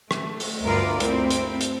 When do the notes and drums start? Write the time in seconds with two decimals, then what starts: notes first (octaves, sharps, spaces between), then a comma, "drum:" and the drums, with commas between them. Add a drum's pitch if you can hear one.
0.11 A3, drum: rim click
0.40 drum: open hi-hat
0.64 D2 G2 B3 F4 A#4 D5
1.00 A3 C4 E4, drum: hi-hat
1.31 drum: hi-hat
1.61 drum: hi-hat